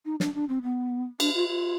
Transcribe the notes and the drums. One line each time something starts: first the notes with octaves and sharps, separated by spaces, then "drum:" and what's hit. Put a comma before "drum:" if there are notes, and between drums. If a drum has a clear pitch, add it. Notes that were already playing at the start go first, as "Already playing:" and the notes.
D#4
D4, drum: snare
D4
C4
B3
D4, drum: cymbal
F4
F4